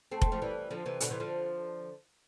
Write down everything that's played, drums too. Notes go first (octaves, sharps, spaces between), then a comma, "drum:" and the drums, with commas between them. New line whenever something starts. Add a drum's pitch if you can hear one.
A3 C4
A3 C4, drum: kick F1
F3 A3
E3 G3
D3 F3
C3 E3
B2 D3, drum: hi-hat
C3 E3
D3 F3